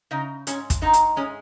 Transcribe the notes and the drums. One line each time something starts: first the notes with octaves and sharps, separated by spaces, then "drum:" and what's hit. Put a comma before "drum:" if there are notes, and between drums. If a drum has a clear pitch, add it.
C#3 D#4
G#2 C#4, drum: hi-hat
drum: kick, hi-hat
G#2 D#4
drum: hi-hat
G#3 C#4